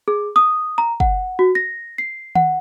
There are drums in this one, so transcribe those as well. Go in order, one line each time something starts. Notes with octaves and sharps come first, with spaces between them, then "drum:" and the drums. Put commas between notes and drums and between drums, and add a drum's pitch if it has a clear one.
G#4
D#6
A#5
F#5, drum: kick
F#4
A#6
C7
F#5, drum: tom D#3